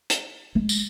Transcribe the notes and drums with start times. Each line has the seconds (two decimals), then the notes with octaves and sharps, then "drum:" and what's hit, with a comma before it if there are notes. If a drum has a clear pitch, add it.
0.10 drum: hi-hat
0.55 G#3
0.69 drum: tambourine